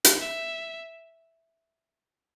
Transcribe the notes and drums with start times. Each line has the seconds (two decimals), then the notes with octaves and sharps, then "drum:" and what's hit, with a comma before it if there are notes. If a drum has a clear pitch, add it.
0.04 drum: hi-hat
0.20 E5